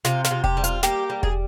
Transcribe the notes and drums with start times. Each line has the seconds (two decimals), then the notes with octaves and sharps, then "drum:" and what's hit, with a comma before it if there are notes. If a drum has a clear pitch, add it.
0.05 C3 F4, drum: snare
0.24 F4, drum: snare
0.31 C3
0.44 G4, drum: kick E1
0.57 G3
0.64 F4, drum: hi-hat
0.83 A#3 G4, drum: snare
1.10 G3
1.23 G#4, drum: kick E1